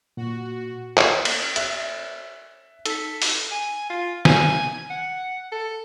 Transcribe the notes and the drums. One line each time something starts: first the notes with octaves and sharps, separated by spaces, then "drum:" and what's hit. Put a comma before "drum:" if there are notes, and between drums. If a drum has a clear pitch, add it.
A#2 F#4
drum: clap
drum: cymbal
E5 F#6, drum: hi-hat
D#4 A4 B6, drum: hi-hat
drum: open hi-hat
G#5
F4
G#5, drum: snare
F#5
A4